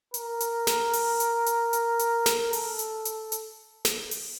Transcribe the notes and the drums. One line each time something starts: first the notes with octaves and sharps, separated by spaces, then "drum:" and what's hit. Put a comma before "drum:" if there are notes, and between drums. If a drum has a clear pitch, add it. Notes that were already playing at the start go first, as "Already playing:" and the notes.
A#4, drum: hi-hat
drum: hi-hat
drum: snare
drum: open hi-hat
drum: hi-hat
drum: hi-hat
drum: hi-hat
drum: hi-hat
drum: snare
A4, drum: open hi-hat
drum: hi-hat
drum: hi-hat
drum: hi-hat
drum: snare
drum: open hi-hat